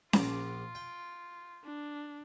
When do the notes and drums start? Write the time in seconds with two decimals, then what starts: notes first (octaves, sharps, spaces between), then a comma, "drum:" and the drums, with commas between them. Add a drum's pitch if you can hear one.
0.13 A#1 F4 D6, drum: snare C#4
0.75 G5
1.64 D4